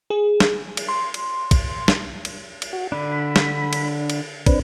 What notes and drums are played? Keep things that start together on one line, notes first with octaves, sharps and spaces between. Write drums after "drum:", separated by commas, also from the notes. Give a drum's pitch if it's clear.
G#4
drum: snare
drum: cymbal
C6
drum: cymbal
drum: kick, cymbal
drum: snare
drum: cymbal
drum: cymbal
F#4
D3 D4 B5
drum: snare
drum: cymbal
drum: cymbal
C4 D4 B4, drum: kick, cymbal